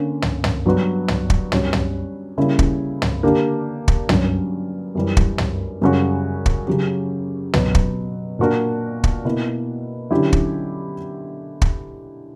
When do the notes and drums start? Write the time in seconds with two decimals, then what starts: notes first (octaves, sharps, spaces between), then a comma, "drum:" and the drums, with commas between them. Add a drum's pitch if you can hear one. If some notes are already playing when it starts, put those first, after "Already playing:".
Already playing: D3 A#3 C#4
0.22 drum: tom
0.44 drum: tom
0.65 G2 F#3 B3 F#4
1.08 drum: tom
1.30 drum: kick
1.52 G3 C#4 F#4 C#5, drum: tom
1.73 drum: tom
2.38 C#3 G3 A#3 C#4 E4
2.59 drum: kick
3.02 drum: tom
3.23 D3 A#3 D4 G4
3.88 drum: kick
4.09 G2 F#3 C#4, drum: tom
4.95 F#2 E3 G3
5.17 drum: kick
5.38 drum: tom
5.81 F#2 C#3 G3 C#4 F#4
6.46 drum: kick
6.67 C#3 F#3 C#4 G4
7.53 B2 F#3 B3, drum: tom
7.75 drum: kick
8.39 A#2 A#3 D4 F#4 A#4
9.04 drum: kick
9.25 B2 A#3 E4
10.11 D3 F#3 C#4 E4 G4
10.33 drum: kick
11.62 drum: kick